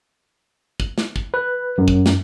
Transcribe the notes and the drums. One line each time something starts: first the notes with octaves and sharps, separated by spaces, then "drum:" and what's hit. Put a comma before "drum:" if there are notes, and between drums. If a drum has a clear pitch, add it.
drum: kick
drum: snare
drum: kick
B4
F#2
drum: kick
drum: snare